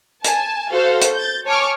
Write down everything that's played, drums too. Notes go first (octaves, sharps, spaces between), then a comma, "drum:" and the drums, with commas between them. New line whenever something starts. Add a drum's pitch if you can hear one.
G#5 A5, drum: hi-hat
F#4 A4 C5 F5
drum: hi-hat
G6 A6
C#5 G#5 A5 C#6 D6 F6